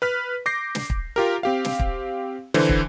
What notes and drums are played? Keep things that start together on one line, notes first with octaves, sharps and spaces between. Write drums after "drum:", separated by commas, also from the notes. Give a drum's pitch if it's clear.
B4 F6 B6
D6 G6 A#6 C7
drum: snare
drum: kick
F4 G4 A#4
C4 G4 F5
drum: snare
drum: kick
D3 E3 C5, drum: snare
drum: kick